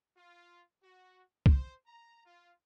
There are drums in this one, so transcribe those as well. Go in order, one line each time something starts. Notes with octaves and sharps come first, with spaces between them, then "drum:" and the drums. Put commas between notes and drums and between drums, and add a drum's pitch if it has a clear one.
F4
F#4
C5, drum: kick C2
A#5
F4